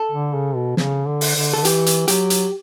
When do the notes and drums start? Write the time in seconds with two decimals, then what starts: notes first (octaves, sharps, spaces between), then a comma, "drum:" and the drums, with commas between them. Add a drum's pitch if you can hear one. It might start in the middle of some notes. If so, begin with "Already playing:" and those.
Already playing: A4
0.12 D3
0.34 C#3
0.55 B2
0.77 C#3, drum: snare
1.07 D3
1.21 drum: open hi-hat
1.36 D3
1.53 D3 A4
1.65 E3 G4, drum: hi-hat
1.86 drum: hi-hat
2.08 F#3 G4, drum: hi-hat
2.30 drum: hi-hat